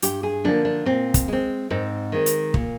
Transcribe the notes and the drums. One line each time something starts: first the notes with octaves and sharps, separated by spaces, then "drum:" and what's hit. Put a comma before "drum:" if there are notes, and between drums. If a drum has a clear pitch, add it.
G2 G4, drum: hi-hat
G#4
D3 F3 A#3 D4
D4
A#2 C4
drum: kick, hi-hat
G#3 C4
G#2 C4
D#3 G#3 C4
drum: hi-hat
A#2, drum: kick